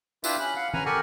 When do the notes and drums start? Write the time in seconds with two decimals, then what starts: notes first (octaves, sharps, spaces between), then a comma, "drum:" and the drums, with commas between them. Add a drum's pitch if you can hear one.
0.24 D4 E4 F4 G4 B4 E5, drum: tambourine
0.40 C#4 B5 F#6
0.56 F5 F#5
0.74 C#4 B4 G#5 A#5, drum: tom E3
0.86 G4 A4 A#4 F#5 G#5 C#6